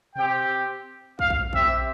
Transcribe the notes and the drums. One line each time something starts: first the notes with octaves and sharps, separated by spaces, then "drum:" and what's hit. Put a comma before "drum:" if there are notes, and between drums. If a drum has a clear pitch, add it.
C4 G4 G5, drum: tom B2
F5, drum: kick
drum: kick
C4 G4 E5, drum: kick